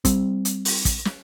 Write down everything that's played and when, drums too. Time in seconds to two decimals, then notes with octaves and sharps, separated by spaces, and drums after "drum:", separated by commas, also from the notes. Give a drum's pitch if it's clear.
0.05 G3 C4, drum: kick, hi-hat
0.45 drum: hi-hat
0.65 drum: open hi-hat
0.85 drum: kick, hi-hat
1.05 drum: snare